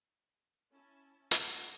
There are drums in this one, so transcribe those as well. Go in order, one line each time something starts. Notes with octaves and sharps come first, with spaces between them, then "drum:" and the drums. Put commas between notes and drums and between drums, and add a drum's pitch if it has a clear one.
C#4 E4 A5
G4 A4 F#5, drum: hi-hat